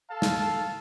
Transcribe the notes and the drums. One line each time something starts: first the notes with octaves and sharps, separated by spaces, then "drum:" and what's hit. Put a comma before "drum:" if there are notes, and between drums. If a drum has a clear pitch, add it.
A4 F5 A5
drum: snare